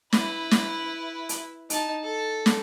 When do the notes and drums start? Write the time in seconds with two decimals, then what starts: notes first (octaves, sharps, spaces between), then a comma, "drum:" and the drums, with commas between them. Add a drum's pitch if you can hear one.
0.13 E4 B4, drum: snare
0.51 drum: snare
1.29 drum: hi-hat
1.70 D#4 A5, drum: hi-hat
2.04 A4
2.46 drum: snare